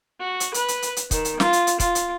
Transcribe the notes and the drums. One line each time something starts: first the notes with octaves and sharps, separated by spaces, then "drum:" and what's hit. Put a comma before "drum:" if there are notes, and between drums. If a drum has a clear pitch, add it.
F#4
drum: hi-hat
B4, drum: hi-hat
drum: hi-hat
drum: hi-hat
drum: hi-hat
D#3, drum: kick, hi-hat
drum: hi-hat
F4, drum: snare
drum: hi-hat
drum: hi-hat
F4, drum: kick, hi-hat
drum: hi-hat